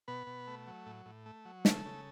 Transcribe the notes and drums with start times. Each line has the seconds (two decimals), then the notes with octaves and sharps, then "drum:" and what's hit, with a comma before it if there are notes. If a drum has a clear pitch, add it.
0.08 B2 B3 B4
0.27 B2
0.47 A3
0.67 F#3
0.86 A2
1.06 A2
1.26 A3
1.45 F#3
1.65 C#3 A3 A4, drum: snare
1.86 C#3